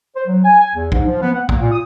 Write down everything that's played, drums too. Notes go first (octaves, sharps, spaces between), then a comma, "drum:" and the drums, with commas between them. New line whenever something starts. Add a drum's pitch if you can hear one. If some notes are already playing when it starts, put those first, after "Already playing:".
C5
F#3
G#5
G#5
E2
G#2, drum: kick
F3
B3
F#5
A#3, drum: kick
A#2
D#6